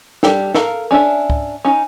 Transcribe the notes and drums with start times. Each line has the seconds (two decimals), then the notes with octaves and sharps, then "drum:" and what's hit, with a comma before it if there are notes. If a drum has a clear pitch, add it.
0.23 G3 D4 G4 A4, drum: snare
0.54 A4 A#4 F5 A#5, drum: snare
0.91 C#4 D4 A4 E5
1.30 drum: kick
1.65 C#4 D#4